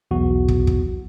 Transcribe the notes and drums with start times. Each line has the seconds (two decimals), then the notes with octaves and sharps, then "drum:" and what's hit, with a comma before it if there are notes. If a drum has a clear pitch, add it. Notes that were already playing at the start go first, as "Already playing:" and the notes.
0.11 B1 E2 F#4
0.48 drum: kick
0.67 drum: kick